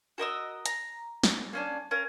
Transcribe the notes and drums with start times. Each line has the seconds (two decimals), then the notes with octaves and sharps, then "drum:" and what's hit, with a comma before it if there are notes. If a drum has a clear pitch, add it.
0.18 F#4 A#4 D#5 E6
0.66 A#5, drum: hi-hat
1.23 drum: snare
1.53 A#3 C#4 D4
1.91 C#4 A#4 F5